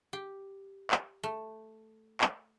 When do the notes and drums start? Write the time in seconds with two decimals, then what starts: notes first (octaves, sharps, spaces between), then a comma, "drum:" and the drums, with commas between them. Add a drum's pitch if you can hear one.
0.13 G4
0.91 drum: clap
1.23 A3
2.21 drum: clap